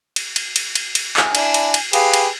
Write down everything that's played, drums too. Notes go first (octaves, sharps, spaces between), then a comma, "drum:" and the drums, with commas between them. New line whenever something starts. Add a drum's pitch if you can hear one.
drum: cymbal
drum: cymbal
drum: cymbal
drum: cymbal
drum: cymbal
G#5, drum: clap
D4 E4, drum: cymbal
drum: cymbal
drum: cymbal
G4 G#4 B4 F5, drum: cymbal
drum: cymbal